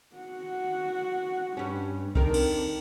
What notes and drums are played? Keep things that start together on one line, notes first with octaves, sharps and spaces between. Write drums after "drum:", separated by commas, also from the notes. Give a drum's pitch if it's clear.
F#4 F#5
G2 G3 C#4
D#3 C4 D4 A#4, drum: kick C2
drum: cymbal